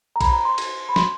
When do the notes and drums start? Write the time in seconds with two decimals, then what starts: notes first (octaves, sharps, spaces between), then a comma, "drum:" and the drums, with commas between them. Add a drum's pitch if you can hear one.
0.16 A#5
0.21 B5, drum: kick, cymbal
0.33 A#5
0.45 C6
0.58 drum: cymbal
0.89 B5
0.96 C6, drum: snare